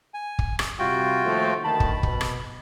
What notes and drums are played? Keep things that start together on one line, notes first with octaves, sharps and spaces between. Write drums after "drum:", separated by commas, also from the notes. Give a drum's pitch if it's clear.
G#5
drum: kick
drum: rim click
C3 G3 F4 F#4 G5
D#2 F3 A3
D2 D#3 A5 B5
drum: kick
B2, drum: kick
drum: rim click